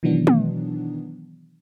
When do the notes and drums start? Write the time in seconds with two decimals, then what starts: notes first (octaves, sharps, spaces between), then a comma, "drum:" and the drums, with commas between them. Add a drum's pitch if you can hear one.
0.03 B2 D#3 E3 F#3 B3 D4
0.27 drum: tom